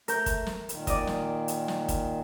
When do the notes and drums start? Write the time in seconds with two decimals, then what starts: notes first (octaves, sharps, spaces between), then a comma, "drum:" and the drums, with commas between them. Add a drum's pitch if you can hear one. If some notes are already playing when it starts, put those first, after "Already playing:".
0.08 A3 A#4 G6, drum: hi-hat
0.26 drum: kick, hi-hat
0.47 drum: snare
0.69 A#2 D#3, drum: hi-hat
0.87 D5 D#5, drum: kick, hi-hat
1.07 drum: snare
1.48 drum: hi-hat
1.68 drum: snare
1.88 drum: kick, hi-hat